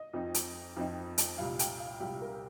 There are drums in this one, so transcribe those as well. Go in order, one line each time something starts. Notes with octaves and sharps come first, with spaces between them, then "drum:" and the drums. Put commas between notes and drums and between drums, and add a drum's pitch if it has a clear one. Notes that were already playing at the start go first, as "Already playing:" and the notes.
Already playing: D#5
F2 F3 C4 D#4
drum: hi-hat
F2 F3 C4 D#4
drum: hi-hat
C2 A#2 G3 F5
G5, drum: hi-hat
F5
C2 A#2 G3 G4
A#4